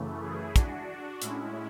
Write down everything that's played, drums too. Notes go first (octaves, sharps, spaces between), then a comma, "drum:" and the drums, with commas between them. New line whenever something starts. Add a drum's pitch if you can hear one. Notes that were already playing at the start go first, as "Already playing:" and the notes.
Already playing: F#2 C#3 E3 A3
E4 G#4
D4 F#4, drum: kick, hi-hat
A2 G#3 C#4 E4, drum: hi-hat